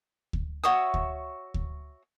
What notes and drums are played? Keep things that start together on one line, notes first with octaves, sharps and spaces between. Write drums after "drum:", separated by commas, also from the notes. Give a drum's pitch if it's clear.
drum: kick D2
F#4 C#5 E5 D#6
drum: kick D2
drum: kick D2